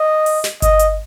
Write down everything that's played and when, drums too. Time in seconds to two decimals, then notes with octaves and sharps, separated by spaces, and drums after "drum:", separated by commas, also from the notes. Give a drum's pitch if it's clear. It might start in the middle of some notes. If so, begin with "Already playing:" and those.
Already playing: D#5
0.26 drum: open hi-hat
0.44 drum: snare
0.62 D#5, drum: kick G1, hi-hat
0.79 drum: hi-hat